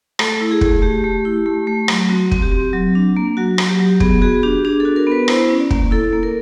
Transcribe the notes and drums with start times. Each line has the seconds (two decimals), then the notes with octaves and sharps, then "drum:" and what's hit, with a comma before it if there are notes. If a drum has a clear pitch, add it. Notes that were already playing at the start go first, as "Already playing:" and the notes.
0.19 A3 A4, drum: rim click
0.41 E4
0.51 G#4
0.61 A3, drum: kick
0.82 A3 G4
1.04 A3
1.25 E4
1.46 A3
1.67 A3
1.88 F#3, drum: rim click
2.09 C4 F#4
2.31 C4, drum: kick
2.42 G4
2.52 C4
2.73 F#3
2.95 D4
3.17 A#3
3.37 F#3 F#4
3.58 F#3, drum: rim click
3.69 G4
3.80 F#3
4.00 B3 G#4, drum: kick
4.21 F#4 G#4
4.43 D4 G4
4.65 D4 G#4
4.80 F#4 A4
4.96 A#4
5.07 B3 B4
5.28 E4 C5, drum: rim click
5.49 C#4
5.60 D5
5.71 A#3, drum: kick
5.91 E4 A4
6.13 A#3
6.23 A#4